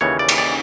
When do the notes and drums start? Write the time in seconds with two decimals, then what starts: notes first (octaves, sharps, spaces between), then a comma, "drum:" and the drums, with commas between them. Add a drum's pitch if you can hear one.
0.01 D#2 C#3 E3 C#5
0.19 D5
0.29 drum: cymbal
0.38 D5